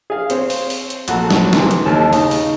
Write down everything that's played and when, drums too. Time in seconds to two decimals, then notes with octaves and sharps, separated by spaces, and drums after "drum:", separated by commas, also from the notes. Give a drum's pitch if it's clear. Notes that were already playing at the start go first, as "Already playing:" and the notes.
0.10 G#4 F5
0.30 C4 C5 C#5, drum: hi-hat
0.50 drum: open hi-hat
0.70 drum: open hi-hat
0.90 drum: hi-hat
1.08 A#1 F#4 A4 A#5, drum: hi-hat
1.30 drum: snare
1.53 C3 D#3 E3 C4, drum: snare
1.71 drum: hi-hat
1.86 D#2 A4 A5
2.13 C#3 D#4, drum: open hi-hat
2.31 drum: open hi-hat